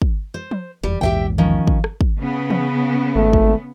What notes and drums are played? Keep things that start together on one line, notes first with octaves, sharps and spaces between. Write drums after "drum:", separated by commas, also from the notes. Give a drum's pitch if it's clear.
drum: kick
C5
drum: tom F3
F1 E2 G3
A#1 E2 G#2 G4 E5 G5
D#3 F3 C#4
drum: kick
drum: rim click
drum: kick
C#3 B3
drum: tom E3
G#1 A3
drum: kick